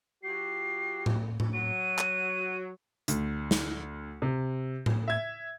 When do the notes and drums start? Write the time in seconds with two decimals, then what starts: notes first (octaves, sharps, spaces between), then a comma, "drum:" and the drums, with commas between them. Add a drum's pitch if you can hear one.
0.23 F#3 F4 G4 C7
1.06 drum: tom A2
1.40 drum: tom A2
1.53 F#3 D#7
1.99 drum: clap
3.08 D2, drum: hi-hat
3.51 drum: snare
4.22 C3
4.86 drum: tom A2
5.08 E5 G#6